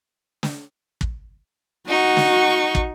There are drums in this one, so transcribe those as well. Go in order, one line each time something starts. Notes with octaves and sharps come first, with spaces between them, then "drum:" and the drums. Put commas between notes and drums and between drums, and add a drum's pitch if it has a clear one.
drum: snare
drum: kick
D#4 F#4 C#6
drum: snare
drum: kick